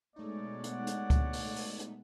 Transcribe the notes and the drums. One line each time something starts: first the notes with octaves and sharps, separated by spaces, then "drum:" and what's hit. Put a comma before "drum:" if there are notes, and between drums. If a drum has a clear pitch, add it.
B2 G#3 A3 B3 D#4 C#5 D5
F#5, drum: hi-hat
drum: hi-hat
drum: kick C#2, hi-hat
drum: open hi-hat
drum: open hi-hat
drum: hi-hat